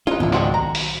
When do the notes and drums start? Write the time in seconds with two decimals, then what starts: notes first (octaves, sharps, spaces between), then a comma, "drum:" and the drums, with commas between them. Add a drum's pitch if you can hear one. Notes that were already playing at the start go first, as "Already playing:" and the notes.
0.07 C#4 D#4 F4 B4 C#5
0.20 C#2 G#2 D#3 F3 B3 D4 E4
0.33 G#3 C4 D4 F#4, drum: clap
0.54 B1 A#5
0.75 drum: open hi-hat